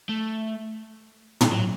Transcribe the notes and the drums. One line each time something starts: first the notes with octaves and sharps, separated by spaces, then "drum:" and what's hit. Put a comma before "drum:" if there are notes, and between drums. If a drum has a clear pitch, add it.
A3
drum: tom
F#3